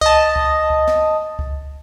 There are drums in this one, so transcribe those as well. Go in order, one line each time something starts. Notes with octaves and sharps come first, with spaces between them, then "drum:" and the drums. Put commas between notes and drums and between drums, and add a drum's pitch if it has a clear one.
D#5 A5, drum: kick C#2
drum: kick C#2
drum: kick C#2
drum: snare
drum: kick C#2